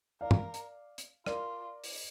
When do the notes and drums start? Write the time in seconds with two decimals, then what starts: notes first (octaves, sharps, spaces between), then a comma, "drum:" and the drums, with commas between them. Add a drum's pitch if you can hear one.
0.21 A#4 D5 F5
0.31 drum: tom
0.54 drum: hi-hat
0.98 drum: hi-hat
1.26 F4 A#4 D5, drum: rim click
1.84 drum: open hi-hat